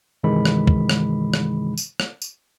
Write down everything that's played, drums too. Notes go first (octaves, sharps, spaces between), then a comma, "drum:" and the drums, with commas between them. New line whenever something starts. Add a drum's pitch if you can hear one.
G2 C3 D#3 E3 G#3 B5
drum: rim click
drum: kick
drum: rim click
drum: rim click
drum: tambourine
drum: rim click
drum: tambourine